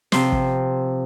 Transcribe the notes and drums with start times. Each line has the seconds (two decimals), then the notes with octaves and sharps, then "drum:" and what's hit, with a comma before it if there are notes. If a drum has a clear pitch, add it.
0.12 C3 F3 C5, drum: snare
0.32 drum: kick